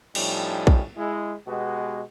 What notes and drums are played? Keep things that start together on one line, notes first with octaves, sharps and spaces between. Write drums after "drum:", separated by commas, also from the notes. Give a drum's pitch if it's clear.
A2 F3 G3 C#4 D#4, drum: cymbal
drum: kick A#1
G#3 E4
B2 G#3 B3 F#4 G4